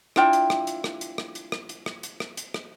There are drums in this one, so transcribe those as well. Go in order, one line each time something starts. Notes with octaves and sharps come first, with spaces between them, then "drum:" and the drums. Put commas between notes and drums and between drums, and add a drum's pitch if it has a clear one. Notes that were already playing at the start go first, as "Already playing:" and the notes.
D4 E4 F4 G5, drum: rim click
drum: hi-hat
drum: rim click
drum: hi-hat
drum: rim click
drum: hi-hat
drum: rim click
drum: hi-hat
drum: rim click
drum: hi-hat
drum: rim click
drum: hi-hat
drum: rim click
drum: hi-hat
drum: rim click